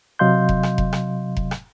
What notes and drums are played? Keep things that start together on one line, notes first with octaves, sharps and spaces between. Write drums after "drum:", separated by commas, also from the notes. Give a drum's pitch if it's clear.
C3 F#3 D#5 F5 C6 G6
drum: kick F1
drum: rim click
drum: kick F1
drum: rim click
drum: kick F1
drum: rim click